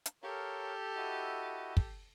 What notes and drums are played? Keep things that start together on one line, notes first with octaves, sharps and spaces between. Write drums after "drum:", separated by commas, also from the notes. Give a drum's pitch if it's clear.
drum: hi-hat
G4 A4 A#4 C#5 F5
E4 F#4 D#5
drum: kick